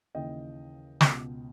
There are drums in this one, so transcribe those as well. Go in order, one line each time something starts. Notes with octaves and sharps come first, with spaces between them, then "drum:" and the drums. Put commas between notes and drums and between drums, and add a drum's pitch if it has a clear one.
D#2 C#3 E3 D#5 G5
C#2 B2, drum: snare